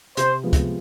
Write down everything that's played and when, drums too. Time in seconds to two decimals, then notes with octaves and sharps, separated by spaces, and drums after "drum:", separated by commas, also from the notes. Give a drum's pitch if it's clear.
0.17 C3 C5, drum: hi-hat
0.43 F3 G#3 B3
0.53 drum: kick, hi-hat